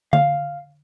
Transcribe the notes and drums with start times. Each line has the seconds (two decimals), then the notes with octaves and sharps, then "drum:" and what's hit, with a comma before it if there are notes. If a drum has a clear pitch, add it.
0.13 F5, drum: tom D3